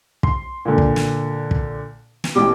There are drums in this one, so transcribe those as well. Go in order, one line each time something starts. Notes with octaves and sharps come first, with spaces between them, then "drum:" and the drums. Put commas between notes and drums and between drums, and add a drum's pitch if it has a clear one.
C6, drum: kick
A#2 D3
drum: kick
drum: snare
drum: kick
drum: snare
A1 B2 G4